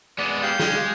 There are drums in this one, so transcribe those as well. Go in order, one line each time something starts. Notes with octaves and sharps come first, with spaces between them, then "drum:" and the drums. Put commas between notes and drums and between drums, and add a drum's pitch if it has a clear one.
G#3 B3 D5
G4 F5 G6
G#3, drum: snare